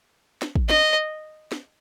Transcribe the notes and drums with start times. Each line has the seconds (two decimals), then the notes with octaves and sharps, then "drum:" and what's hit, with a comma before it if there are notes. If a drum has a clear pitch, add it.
0.42 drum: snare
0.55 drum: kick
0.69 D#5, drum: snare
1.52 drum: snare